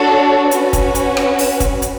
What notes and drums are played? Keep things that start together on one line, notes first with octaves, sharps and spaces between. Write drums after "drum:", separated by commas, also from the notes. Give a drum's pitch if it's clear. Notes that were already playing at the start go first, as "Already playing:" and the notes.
Already playing: D4 F#4 A4 C#5
C#4 F#4 B4, drum: hi-hat
drum: kick, hi-hat
drum: hi-hat
drum: rim click
drum: open hi-hat
drum: kick, hi-hat
drum: hi-hat